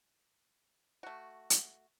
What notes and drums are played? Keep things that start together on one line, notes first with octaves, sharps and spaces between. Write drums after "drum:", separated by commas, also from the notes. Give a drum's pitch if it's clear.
A3 F#4
drum: hi-hat